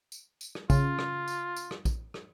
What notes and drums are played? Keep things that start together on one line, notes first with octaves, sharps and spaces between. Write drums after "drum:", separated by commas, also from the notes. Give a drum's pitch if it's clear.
drum: tambourine
drum: tambourine
drum: rim click
C#3 F4, drum: kick, tambourine
drum: rim click
drum: tambourine
drum: tambourine
drum: rim click
drum: kick, tambourine
drum: rim click